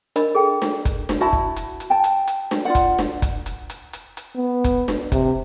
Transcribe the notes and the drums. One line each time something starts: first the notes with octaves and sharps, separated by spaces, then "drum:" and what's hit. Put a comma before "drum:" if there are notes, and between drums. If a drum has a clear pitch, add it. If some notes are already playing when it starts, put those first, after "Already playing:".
D4 A#4 D#5 B5, drum: hi-hat
G#4 A4 G5
drum: snare D4
drum: kick, hi-hat
drum: snare D4
E4 F#4 A5 B5
drum: kick
drum: hi-hat
drum: hi-hat
G5 A5
drum: hi-hat
drum: hi-hat
drum: snare D4
F4 D5 F#5
drum: kick, hi-hat
drum: snare D4
drum: kick, hi-hat
drum: hi-hat
drum: hi-hat
drum: hi-hat
drum: hi-hat
B3
drum: kick, hi-hat
drum: snare D4
C3, drum: kick, hi-hat